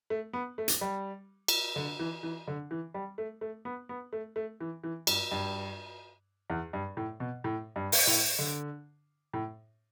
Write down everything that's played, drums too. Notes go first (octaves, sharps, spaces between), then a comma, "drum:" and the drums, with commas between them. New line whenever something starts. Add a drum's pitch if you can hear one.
A3
B3
A3
drum: hi-hat
G3
drum: cymbal
D3
E3
E3
D3
E3
G3
A3
A3
B3
B3
A3
A3
E3
E3
G2, drum: cymbal
G2
E2
G2
A2
B2
A2
G2
drum: open hi-hat
A2
D3
A2